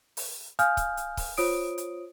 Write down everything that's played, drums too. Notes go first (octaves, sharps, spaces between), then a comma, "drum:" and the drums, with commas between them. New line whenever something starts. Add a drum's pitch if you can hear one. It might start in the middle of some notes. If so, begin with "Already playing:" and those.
drum: open hi-hat
F5 G#5 D#6 F6 G6, drum: hi-hat
drum: kick C#1, hi-hat
drum: hi-hat
drum: kick C#1, open hi-hat
F4 C5 C#5 D#6 D7, drum: open hi-hat
drum: hi-hat